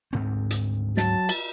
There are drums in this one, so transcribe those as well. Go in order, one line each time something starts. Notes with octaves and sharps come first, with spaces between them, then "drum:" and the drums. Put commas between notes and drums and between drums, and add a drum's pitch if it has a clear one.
D2 G#2 C4
drum: hi-hat
F#3 A5, drum: snare
drum: cymbal